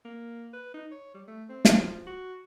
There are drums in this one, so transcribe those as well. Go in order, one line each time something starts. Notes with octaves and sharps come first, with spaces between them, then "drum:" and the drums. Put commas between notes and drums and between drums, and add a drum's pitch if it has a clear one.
A#3
B4
D#4
C#5
G3
A3
C4
drum: snare
F3
F#4